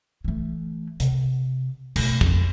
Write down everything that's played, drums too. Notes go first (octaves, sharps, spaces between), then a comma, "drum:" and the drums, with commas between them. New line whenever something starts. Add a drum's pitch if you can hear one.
E3 A3
C3, drum: hi-hat
B2 A3, drum: cymbal
F2 D3, drum: kick